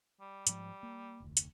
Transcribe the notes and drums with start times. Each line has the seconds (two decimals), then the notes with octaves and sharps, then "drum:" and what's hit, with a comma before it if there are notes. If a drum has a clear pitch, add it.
0.20 G3
0.47 G#2 F3 G3, drum: hi-hat
0.83 A#3
1.20 F1 D2
1.37 drum: hi-hat